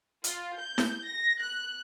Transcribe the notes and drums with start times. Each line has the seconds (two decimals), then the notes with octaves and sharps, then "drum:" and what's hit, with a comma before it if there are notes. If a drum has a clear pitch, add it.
0.24 F4, drum: hi-hat
0.58 G6
0.78 drum: snare E4
1.05 A#6
1.40 F#6